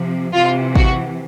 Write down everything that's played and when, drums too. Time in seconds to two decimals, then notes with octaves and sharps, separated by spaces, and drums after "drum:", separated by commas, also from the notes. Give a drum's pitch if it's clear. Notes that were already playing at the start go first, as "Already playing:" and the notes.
Already playing: C3 F3
0.34 C3 E3 F4
0.75 F#4, drum: kick